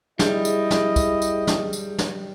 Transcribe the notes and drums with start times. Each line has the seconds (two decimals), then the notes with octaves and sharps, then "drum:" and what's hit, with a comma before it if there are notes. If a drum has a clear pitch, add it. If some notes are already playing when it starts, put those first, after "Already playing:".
0.19 G3 E4 G#4 D#5, drum: snare
0.45 drum: tambourine
0.71 drum: snare
0.96 drum: kick, tambourine
1.22 drum: tambourine
1.47 drum: snare
1.73 drum: tambourine
1.98 drum: snare